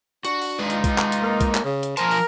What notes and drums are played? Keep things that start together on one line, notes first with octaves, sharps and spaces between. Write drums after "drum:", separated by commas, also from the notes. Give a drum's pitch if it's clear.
D4 F#4, drum: hi-hat
drum: open hi-hat
G#3 D#4 F4 B4
drum: hi-hat
drum: kick, hi-hat
drum: clap
drum: hi-hat
A#3
drum: kick, hi-hat
drum: clap
C#3
drum: hi-hat
F3 A#4 C5 G#5 A5, drum: hi-hat
drum: open hi-hat